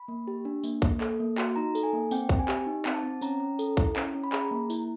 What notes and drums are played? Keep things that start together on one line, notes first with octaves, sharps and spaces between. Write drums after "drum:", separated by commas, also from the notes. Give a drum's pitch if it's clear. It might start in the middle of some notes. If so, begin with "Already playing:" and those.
Already playing: B5
A#3
G4
D4
A#3, drum: tambourine
A#3, drum: kick
A4, drum: clap
A#3
F#4, drum: clap
D#4 A#5
A4, drum: tambourine
G#5
A#3
C4 G5, drum: tambourine
C4, drum: kick
G#5
G4, drum: clap
D#4
C4, drum: clap
A5
C4
C#4 A#5, drum: tambourine
C#4
A4, drum: tambourine
E4, drum: kick
C#4, drum: clap
C#4
B5
G#4 A#5, drum: clap
A#3
E4, drum: tambourine